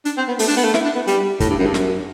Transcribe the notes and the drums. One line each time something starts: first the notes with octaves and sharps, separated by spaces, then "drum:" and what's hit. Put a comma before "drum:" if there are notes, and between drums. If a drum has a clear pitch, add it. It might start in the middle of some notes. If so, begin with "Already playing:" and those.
D4, drum: hi-hat
C4
B3
A3, drum: open hi-hat
D4
B3
A3
E4, drum: snare
D4
B3
G3, drum: hi-hat
A2, drum: kick, hi-hat
G2
F#2
G2
F#2, drum: snare